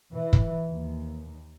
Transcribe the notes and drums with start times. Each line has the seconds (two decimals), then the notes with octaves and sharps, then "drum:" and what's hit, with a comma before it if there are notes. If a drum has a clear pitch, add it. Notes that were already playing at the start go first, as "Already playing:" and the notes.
0.13 E3
0.33 drum: kick
0.68 D#2